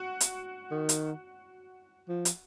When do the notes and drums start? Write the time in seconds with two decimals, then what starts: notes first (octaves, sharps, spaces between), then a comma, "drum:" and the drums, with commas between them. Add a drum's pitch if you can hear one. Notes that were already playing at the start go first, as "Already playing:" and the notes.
Already playing: F#4
0.20 drum: hi-hat
0.71 D#3
0.89 drum: hi-hat
2.09 F3
2.25 drum: hi-hat